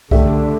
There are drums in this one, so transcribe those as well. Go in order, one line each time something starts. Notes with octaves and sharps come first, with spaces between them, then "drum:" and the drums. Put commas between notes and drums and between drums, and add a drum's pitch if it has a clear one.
D3 A3 D4 G4 E5, drum: kick C2